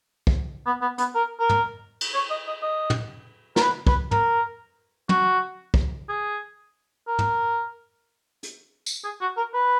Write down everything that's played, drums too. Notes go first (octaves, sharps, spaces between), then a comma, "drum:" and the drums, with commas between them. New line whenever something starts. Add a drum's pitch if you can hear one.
drum: kick
B3
B3
B3, drum: hi-hat
A#4
A#4
drum: tom
drum: cymbal
C#5
D#5
D#5
D#5
drum: tom
A#4, drum: snare
B4
B4, drum: kick
A#4, drum: tom
F#4, drum: tom
drum: kick
G#4
A#4
drum: tom
drum: hi-hat
drum: tambourine
G#4
F#4
A#4
B4